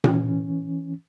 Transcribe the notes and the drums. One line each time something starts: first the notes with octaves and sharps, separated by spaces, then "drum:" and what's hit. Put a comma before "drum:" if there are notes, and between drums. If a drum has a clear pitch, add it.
E3 C#4, drum: tom A#2